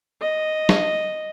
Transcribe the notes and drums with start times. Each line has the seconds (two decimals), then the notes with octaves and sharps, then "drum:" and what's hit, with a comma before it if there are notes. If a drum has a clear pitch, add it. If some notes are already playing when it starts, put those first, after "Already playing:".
0.22 D#5
0.69 drum: snare